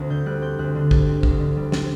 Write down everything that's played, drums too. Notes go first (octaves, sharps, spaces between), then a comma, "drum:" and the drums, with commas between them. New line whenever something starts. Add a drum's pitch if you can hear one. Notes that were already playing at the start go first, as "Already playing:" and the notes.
Already playing: D2 C4
D3 G6
G3 F#6
C4 G6
D2 F#6
D3
G3, drum: kick
C4
D2, drum: kick
D3
G3
C4, drum: snare